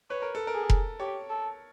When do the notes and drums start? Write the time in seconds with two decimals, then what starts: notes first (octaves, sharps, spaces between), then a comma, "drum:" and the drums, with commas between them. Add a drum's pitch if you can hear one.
0.10 B4 C#5
0.22 A#4
0.35 A4
0.47 A#4
0.55 G#4
0.70 drum: kick F1
1.00 G4 C#5
1.30 A4